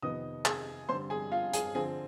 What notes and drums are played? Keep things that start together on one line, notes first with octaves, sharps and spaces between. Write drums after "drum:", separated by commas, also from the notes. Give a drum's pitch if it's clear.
F2 C3 D#3 B3 D#5 D#6
G#4 G#5, drum: clap
G2 D3 G3 C4 C5 C6
G#4 G#5
F4 F5
G#4 G#5, drum: hi-hat
D3 F3 C4 G#4 G#5